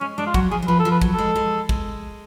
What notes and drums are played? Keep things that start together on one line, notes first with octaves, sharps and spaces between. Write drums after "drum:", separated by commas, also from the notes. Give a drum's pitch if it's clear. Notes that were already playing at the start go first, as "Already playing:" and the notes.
G#3 C#4
G#3 D4
F4
F#3 F#4, drum: kick
F3 G#4
F#3
F3 B4
A4
F3
B4
F#3, drum: kick
A4
G#3
G#3
G#3, drum: kick